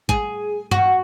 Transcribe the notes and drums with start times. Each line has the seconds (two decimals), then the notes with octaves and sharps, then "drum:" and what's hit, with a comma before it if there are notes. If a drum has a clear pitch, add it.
0.09 G#4, drum: kick A1
0.71 F#4, drum: tom G2